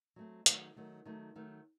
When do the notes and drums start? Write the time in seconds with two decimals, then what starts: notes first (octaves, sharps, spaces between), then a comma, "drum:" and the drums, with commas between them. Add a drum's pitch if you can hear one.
0.16 F#3 A3 C4
0.46 D#3 F#3 A3, drum: hi-hat
0.76 D#3 F#3 A3
1.05 D#3 F#3 A3
1.36 D#3 F#3 A3